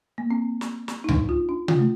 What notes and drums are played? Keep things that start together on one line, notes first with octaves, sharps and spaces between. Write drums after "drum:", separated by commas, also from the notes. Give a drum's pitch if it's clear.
A#3
C4
drum: snare
drum: snare
D#4
D4, drum: tom C#2
F4
D4
F4, drum: tom C3
A3